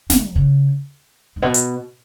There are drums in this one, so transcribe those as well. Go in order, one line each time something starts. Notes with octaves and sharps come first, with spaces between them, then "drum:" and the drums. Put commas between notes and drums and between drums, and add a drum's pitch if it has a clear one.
D#3, drum: snare
C#3
G#2
B2
drum: hi-hat